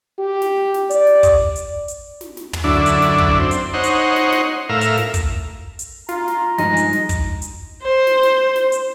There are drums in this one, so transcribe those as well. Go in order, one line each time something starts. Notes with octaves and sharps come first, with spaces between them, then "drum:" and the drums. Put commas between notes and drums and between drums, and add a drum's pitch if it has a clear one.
G4
drum: snare
drum: snare
D5, drum: hi-hat
drum: snare
drum: kick, hi-hat
drum: hi-hat
drum: hi-hat
drum: snare
drum: snare
drum: tom
F#2 D3 D4 E4
drum: hi-hat
drum: snare
drum: kick
C4
drum: hi-hat
D#4 C5 C#5 F#5
drum: hi-hat
drum: snare
drum: snare
A2 A#4 E5 F5
drum: hi-hat
drum: snare
drum: kick, hi-hat
drum: hi-hat
F4 A#5, drum: snare
drum: snare
G2 F3 G#3 D#4 A#6, drum: snare
drum: hi-hat
drum: snare
drum: kick, hi-hat
drum: hi-hat
C5
drum: snare
drum: snare
drum: snare
drum: hi-hat